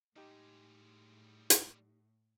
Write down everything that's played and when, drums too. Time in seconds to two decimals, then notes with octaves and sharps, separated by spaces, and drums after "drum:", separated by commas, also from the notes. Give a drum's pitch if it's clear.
0.16 A2 G3 G#3 D#4 G4
1.50 drum: hi-hat